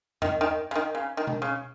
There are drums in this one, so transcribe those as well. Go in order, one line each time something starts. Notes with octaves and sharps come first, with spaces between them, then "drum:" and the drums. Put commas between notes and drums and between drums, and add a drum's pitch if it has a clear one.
D#3, drum: tom E2
D#3
C#3
D#3
C#3
D#3
drum: tom B2
C#3